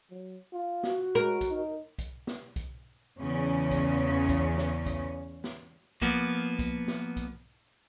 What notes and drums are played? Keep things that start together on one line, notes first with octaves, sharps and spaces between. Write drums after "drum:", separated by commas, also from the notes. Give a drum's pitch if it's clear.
F#3
F4
F#4, drum: snare
G#3 A#4
drum: kick B1, hi-hat
D#4
drum: kick B1, hi-hat
drum: snare
drum: kick B1, hi-hat
E2 C#3 C#4
drum: kick B1, hi-hat
drum: kick B1, hi-hat
drum: snare
drum: kick B1, hi-hat
drum: snare
F3 A#3 B3, drum: kick B1, hi-hat
drum: kick B1, hi-hat
drum: snare
drum: kick B1, hi-hat